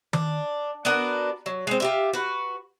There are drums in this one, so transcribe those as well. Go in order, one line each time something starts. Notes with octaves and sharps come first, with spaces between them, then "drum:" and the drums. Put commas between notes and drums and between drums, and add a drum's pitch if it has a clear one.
D4, drum: tom D#3
B3 D4 F#4 A#4
F#3
G#3 C4
F4 G4 E5
F#4 B4